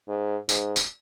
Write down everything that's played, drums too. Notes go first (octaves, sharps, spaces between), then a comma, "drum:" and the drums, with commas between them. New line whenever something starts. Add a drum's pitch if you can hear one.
G#2
G#2, drum: tambourine
drum: tambourine